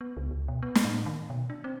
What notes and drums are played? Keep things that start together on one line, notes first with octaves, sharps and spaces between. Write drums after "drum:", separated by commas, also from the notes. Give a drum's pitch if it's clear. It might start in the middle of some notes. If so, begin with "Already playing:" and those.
B3
C#2
C#2
B2
B3
drum: snare
A2
D#3
B2
D4
C4